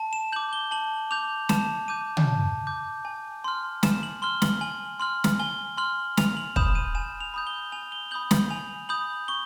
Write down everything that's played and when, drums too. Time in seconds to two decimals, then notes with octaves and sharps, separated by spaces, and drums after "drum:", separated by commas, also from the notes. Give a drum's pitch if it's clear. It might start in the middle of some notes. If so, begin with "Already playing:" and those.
Already playing: A5
0.13 E7
0.32 D6 G6 F#7
0.53 G7
0.71 A5 F#7
1.11 D6 G6 F7
1.49 A5 E7, drum: snare
1.88 D6 G6 D#7
2.17 drum: tom
2.28 A5
2.67 D6 G6
3.05 G#5
3.44 C6 F6
3.83 G#5 E7, drum: snare
4.03 F#7
4.22 C6 F6 G7
4.42 F#7, drum: snare
4.61 G#5 F#7
5.00 C6 F6 F#7
5.24 drum: snare
5.39 G#5 G7
5.77 C6 F6 F#7
6.17 G#5 F7, drum: snare
6.37 F#7
6.56 B5 D#6 G6 E7, drum: kick
6.75 D#7
6.95 G#5 E7
7.21 F7
7.34 B5 D#6 G6
7.47 G7
7.72 G#5 F7
7.92 G7
8.11 B5 D#6 G6 F#7
8.31 F#7, drum: snare
8.50 G#5 F7
8.89 B5 D#6 G6 F#7
9.28 C#6 G7